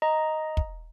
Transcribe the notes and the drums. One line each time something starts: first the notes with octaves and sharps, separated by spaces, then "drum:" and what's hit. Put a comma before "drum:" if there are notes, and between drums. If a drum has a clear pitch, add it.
D#5 A#5
drum: kick